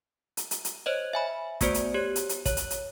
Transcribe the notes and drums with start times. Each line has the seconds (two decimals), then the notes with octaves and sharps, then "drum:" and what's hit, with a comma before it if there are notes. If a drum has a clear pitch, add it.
0.37 drum: hi-hat
0.51 drum: hi-hat
0.65 drum: hi-hat
0.86 C5 C#5 D#5
1.13 E5 G#5 B5
1.61 A3 B3 F#4 C5 D5 C#7, drum: kick, hi-hat
1.74 drum: hi-hat
1.94 G4 C#5
2.16 drum: hi-hat
2.29 drum: hi-hat
2.46 C#5, drum: kick, hi-hat
2.57 drum: hi-hat
2.70 drum: hi-hat